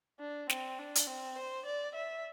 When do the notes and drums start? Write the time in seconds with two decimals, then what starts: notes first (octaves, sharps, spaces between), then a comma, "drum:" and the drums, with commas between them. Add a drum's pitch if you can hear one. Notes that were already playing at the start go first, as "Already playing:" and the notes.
0.20 D4
0.49 C4, drum: snare
0.79 D4
0.95 drum: hi-hat
1.07 C4
1.36 C5
1.65 D5
1.95 E5